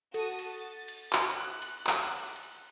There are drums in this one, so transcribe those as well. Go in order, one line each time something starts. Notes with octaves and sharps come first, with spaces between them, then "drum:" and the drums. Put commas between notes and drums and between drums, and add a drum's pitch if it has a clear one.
F#4 A4 A5 D#6, drum: cymbal
drum: cymbal
A6
drum: cymbal
drum: clap
F#6
drum: cymbal
drum: clap
drum: cymbal
drum: cymbal